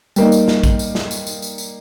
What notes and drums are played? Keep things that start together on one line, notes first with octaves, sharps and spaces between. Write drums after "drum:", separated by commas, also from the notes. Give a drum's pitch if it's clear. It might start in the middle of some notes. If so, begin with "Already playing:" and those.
G3 A#3 D#4, drum: tambourine
drum: tambourine
drum: snare
drum: kick, tambourine
drum: tambourine
drum: snare
drum: tambourine
drum: tambourine
drum: tambourine
drum: tambourine